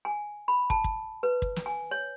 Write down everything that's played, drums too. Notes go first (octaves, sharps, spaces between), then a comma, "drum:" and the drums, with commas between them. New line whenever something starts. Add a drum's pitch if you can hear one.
G#5
B5
A5, drum: kick
drum: kick
B4
drum: kick
drum: snare
G#5
C#5